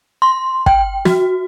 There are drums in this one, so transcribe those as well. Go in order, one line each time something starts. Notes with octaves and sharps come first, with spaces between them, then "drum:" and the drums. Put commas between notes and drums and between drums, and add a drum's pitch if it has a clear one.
C6
G5, drum: kick
F#4, drum: snare